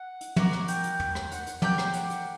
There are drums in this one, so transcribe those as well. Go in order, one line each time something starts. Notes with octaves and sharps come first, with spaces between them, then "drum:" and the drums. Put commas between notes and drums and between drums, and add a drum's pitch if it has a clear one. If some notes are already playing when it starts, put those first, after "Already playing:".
Already playing: F#5
drum: hi-hat
F#4 A#4 D5, drum: tom
drum: rim click
G5, drum: hi-hat
drum: hi-hat
drum: tom
drum: rim click
F#5, drum: hi-hat
drum: hi-hat
G4 A#4 D5 G5, drum: tom
drum: rim click
F#5, drum: hi-hat
drum: hi-hat